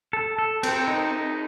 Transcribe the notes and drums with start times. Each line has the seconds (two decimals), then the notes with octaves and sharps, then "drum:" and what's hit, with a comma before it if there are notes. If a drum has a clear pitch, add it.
0.13 A4
0.39 A4
0.63 C4, drum: cymbal
0.88 D#4